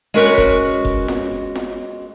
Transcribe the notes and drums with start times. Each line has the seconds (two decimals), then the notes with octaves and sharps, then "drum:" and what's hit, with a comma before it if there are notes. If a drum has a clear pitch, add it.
0.14 G#3 C#4 F#4 A#4 B4 C#5
0.38 drum: kick F1
0.85 drum: kick F1
1.08 drum: snare
1.55 drum: snare